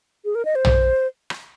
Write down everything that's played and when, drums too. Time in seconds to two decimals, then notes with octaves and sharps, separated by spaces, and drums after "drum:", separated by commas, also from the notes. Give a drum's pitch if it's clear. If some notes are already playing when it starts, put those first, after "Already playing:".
0.25 G#4
0.35 A#4
0.45 D#5
0.55 C5
0.65 drum: tom
1.30 drum: rim click